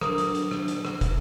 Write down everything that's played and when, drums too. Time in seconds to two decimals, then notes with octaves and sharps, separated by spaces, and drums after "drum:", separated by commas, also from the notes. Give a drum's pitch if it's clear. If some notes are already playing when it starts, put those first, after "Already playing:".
0.01 F#3 D4 A4 A#4 D#6, drum: rim click
0.18 drum: hi-hat
0.35 drum: hi-hat
0.51 drum: rim click
0.68 drum: hi-hat
0.85 drum: rim click
1.01 drum: kick, hi-hat